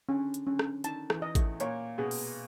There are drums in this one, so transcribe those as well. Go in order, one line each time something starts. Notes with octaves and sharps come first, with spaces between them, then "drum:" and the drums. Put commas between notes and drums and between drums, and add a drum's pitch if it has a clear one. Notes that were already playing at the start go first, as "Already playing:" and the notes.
D3 C#4
drum: hi-hat
D3 C#4
drum: rim click
D#3 A5, drum: hi-hat
E2 E3, drum: rim click
D#5
A2 A3, drum: kick A1, hi-hat
A#2 A#3 C#5, drum: hi-hat
B2 B3 G#4
drum: open hi-hat